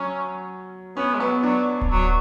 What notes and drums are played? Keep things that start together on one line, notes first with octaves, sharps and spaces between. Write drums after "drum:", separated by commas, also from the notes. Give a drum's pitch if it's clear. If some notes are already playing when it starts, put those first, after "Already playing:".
Already playing: F#3 C#4
B3 C#4
G#3
F#3 B3
F#3 D4
drum: kick D1
F#3